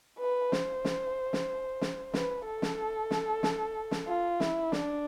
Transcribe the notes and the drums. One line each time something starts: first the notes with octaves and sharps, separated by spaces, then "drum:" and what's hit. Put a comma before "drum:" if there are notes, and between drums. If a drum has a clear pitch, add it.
B4
C5, drum: snare
drum: snare
drum: snare
drum: snare
B4, drum: snare
A4
drum: snare
drum: snare
drum: snare
drum: snare
F4
E4, drum: snare
D4, drum: snare